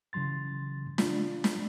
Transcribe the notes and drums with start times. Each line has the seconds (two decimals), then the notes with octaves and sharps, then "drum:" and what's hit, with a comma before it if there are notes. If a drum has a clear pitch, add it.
0.13 C#3 E3 F#3 C6 A6
0.98 D4 F4, drum: snare
1.44 drum: snare